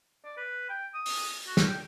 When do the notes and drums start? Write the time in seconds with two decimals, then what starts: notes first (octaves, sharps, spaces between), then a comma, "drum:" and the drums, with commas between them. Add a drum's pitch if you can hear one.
0.24 D5
0.37 B4
0.70 G5
0.94 D#6
1.06 drum: open hi-hat
1.47 F#4
1.57 drum: snare
1.68 G5